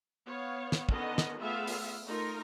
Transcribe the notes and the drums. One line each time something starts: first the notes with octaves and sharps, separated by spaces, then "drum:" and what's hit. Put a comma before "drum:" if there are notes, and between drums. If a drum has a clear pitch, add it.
B3 C#5 F5
drum: snare
D3 D#3 B3 C#4 D#5 F#5, drum: kick
drum: snare
A3 B3 F4 G#4 E5 F5
drum: open hi-hat
A3 D#4 F4 A#4